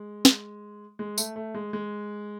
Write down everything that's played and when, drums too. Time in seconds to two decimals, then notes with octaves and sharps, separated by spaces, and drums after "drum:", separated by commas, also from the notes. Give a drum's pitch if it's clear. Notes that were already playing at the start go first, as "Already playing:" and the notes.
Already playing: G#3
0.25 drum: snare
0.99 G#3
1.18 A3, drum: tambourine
1.36 A3
1.55 G#3
1.73 G#3